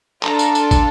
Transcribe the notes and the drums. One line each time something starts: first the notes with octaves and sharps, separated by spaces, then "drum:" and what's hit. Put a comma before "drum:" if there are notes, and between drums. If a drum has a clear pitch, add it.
D4 F4 A4 A#5, drum: clap
drum: tambourine
drum: tambourine
drum: kick, tambourine